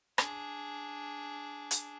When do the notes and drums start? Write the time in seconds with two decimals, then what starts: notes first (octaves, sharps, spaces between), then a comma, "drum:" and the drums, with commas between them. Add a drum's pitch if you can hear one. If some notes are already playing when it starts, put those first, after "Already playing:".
0.18 D4 G#4, drum: rim click
1.71 drum: hi-hat